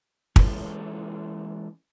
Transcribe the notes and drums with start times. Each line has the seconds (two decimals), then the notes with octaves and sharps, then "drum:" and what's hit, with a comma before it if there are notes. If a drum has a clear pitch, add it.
0.36 E3 G#3 C#4 A4 B4, drum: kick